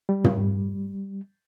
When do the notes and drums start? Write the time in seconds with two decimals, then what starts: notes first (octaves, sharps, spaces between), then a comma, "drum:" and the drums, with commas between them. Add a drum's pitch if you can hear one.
0.09 G3
0.24 drum: tom